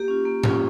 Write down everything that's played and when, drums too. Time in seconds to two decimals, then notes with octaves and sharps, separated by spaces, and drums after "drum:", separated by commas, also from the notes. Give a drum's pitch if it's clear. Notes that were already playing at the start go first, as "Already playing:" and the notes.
Already playing: A#3 G4
0.08 C#4 F4
0.25 A#3
0.44 C#4 F4, drum: tom G2